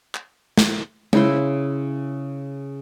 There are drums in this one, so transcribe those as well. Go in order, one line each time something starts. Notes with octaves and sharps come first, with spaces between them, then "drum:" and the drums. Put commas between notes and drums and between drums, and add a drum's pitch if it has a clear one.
drum: clap
drum: snare
C#3 E4 C6, drum: tom G#3